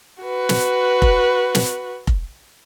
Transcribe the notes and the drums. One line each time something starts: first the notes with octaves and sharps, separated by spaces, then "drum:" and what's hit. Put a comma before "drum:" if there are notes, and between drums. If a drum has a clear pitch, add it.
F#4 B4
drum: snare
drum: kick F1
drum: snare
drum: kick F1